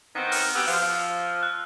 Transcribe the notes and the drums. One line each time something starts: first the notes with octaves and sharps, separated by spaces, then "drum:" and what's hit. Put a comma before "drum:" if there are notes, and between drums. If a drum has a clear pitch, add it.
D#3 B3 C4
F6, drum: open hi-hat
B3 F#4 G4 E6
F3, drum: open hi-hat
F#6